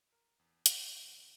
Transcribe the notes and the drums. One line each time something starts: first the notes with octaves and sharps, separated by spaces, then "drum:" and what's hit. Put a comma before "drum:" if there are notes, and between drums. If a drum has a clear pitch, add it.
A#4
E2
F5, drum: hi-hat
C#5
E3
D3